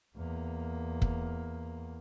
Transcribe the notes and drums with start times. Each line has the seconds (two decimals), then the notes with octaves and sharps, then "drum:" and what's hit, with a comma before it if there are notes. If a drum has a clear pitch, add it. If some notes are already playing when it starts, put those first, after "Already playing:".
0.16 E2 A#3
1.02 drum: kick